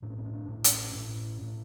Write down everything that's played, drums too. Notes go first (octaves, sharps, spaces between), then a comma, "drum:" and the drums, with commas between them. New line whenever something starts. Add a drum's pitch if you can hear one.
A2 D4
C#4
C4
C#4
D4
A2
C#4, drum: hi-hat
A2
A2